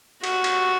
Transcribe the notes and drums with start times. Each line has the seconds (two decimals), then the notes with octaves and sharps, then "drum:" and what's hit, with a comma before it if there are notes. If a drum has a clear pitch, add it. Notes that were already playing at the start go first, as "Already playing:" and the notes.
0.24 F#4, drum: cymbal
0.44 drum: cymbal